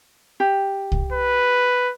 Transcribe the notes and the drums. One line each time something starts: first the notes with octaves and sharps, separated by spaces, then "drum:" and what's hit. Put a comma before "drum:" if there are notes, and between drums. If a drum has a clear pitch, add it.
G4
drum: kick C2
B4